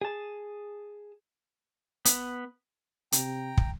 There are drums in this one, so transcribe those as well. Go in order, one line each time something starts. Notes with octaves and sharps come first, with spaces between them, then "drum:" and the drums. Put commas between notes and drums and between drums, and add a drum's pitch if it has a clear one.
G#4 A5
B3, drum: hi-hat
C3 G5 A#5, drum: hi-hat
drum: kick